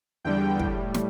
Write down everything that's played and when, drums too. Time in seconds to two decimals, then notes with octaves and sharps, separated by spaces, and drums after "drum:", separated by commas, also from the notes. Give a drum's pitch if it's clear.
0.24 E2 D3 G3 G5
0.59 A2 G3, drum: kick
0.94 drum: snare